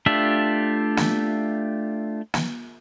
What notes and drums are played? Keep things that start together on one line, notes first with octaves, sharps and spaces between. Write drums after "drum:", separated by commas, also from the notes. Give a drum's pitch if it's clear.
A3 D4 F4 G4 E5
drum: snare
drum: snare